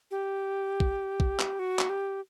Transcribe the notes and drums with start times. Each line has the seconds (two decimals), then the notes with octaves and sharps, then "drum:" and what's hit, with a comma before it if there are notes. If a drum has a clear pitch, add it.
0.11 G4
0.80 drum: kick
1.20 drum: kick
1.40 drum: clap
1.59 F#4
1.79 drum: clap
1.89 G4